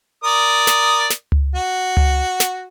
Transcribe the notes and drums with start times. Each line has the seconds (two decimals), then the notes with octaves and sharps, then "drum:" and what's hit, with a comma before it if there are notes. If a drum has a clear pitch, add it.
0.24 A#4 D5 D#6
0.67 drum: snare
1.10 drum: snare
1.32 drum: tom C#2
1.55 F#4
1.97 drum: tom C#2
2.40 drum: snare